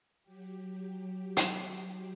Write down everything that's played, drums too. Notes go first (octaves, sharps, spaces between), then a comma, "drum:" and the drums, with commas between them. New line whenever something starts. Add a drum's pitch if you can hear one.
F#3 G4
drum: hi-hat